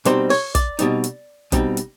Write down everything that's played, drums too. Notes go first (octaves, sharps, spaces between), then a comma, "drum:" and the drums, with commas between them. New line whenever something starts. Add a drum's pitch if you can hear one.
B2 G3 C4 D#4 C5, drum: hi-hat
C#5, drum: open hi-hat
D5, drum: kick, hi-hat
B2 G3 C4 D#4, drum: hi-hat
drum: hi-hat
B2 G3 C4 D#4, drum: kick, hi-hat
drum: hi-hat